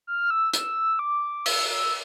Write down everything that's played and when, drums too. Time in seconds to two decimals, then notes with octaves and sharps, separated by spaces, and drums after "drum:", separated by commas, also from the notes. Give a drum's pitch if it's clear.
0.07 F6
0.30 E6
0.53 E6, drum: hi-hat
0.99 D6
1.46 E6, drum: open hi-hat
1.69 E6